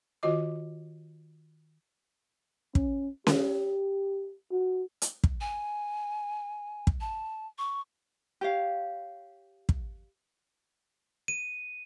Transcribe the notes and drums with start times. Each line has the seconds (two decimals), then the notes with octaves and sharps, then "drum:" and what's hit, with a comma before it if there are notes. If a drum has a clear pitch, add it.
0.23 D#3 F4 F#4 D#5 D6
2.75 C#4, drum: kick
3.27 G4, drum: snare C#4
4.52 F#4
5.02 drum: hi-hat
5.24 drum: kick
5.41 G#5
6.87 drum: kick
7.01 A5
7.58 C#6
8.41 G4 C#5 F5
9.69 drum: kick
11.28 D#7